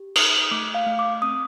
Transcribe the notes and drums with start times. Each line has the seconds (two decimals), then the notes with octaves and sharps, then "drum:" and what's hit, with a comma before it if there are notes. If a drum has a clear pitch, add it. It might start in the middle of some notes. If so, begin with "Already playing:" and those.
Already playing: G4
0.16 D#4 D#6, drum: cymbal
0.51 A3 D6
0.75 F5
0.86 A3
0.99 D6
1.22 C4 D#6